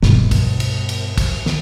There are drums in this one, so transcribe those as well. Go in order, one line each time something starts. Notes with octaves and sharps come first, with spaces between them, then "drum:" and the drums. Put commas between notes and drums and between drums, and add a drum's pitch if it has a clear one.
G2 B2, drum: snare
drum: kick, cymbal
drum: cymbal
drum: cymbal
drum: kick, cymbal
drum: snare